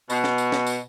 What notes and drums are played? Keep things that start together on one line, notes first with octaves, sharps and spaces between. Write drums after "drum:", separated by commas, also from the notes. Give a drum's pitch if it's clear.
B2, drum: tambourine
drum: snare
drum: tambourine
drum: snare
drum: tambourine